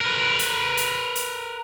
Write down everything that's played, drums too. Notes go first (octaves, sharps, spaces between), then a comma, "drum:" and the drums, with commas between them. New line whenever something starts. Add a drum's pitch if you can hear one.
A#4 B4
drum: hi-hat
drum: hi-hat
drum: hi-hat